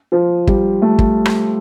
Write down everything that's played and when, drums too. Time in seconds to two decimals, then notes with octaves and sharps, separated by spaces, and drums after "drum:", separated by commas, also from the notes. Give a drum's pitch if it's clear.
0.12 F3
0.47 G3, drum: kick
0.82 A3
0.99 drum: kick
1.26 drum: rim click